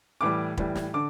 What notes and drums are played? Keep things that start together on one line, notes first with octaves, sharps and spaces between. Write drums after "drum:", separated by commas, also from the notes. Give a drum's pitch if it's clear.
A2 E3 G3 D6
A2 E3 G3, drum: kick
drum: snare
D3 D6